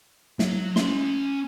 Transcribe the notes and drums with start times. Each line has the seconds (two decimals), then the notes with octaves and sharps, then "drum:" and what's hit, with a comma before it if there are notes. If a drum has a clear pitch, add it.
0.39 F#3, drum: snare
0.76 C#4 C6, drum: snare